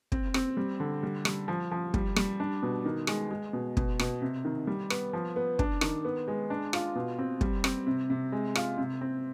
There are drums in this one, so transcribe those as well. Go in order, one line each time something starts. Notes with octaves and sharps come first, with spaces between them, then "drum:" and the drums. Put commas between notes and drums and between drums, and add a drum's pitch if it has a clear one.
C4, drum: kick
C4, drum: rim click
G3
D3
G3
G3, drum: rim click
F3
F3
G3, drum: kick
G3, drum: rim click
D4
B2
D#3
G#3, drum: rim click
G#3
B2
B2, drum: kick
B2, drum: rim click
C3
D#3
G3
B3, drum: rim click
F3
B3
D4, drum: kick
D#3, drum: rim click
B3
G#3
D4
F4, drum: rim click
B2
C4
G3, drum: kick
C4, drum: rim click
C3
C3
G#3
F4, drum: rim click
C3
C4